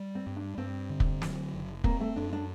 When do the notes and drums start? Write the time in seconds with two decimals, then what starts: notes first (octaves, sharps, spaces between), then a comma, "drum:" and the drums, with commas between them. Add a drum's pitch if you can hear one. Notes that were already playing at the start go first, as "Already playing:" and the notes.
Already playing: G3
0.15 C4
0.26 G2
0.37 D4
0.58 G2 C4
0.90 D3
1.00 drum: kick
1.22 F#3, drum: snare
1.53 F#1
1.84 A#3 C4, drum: kick
2.00 A3
2.16 F#2 D4
2.33 D4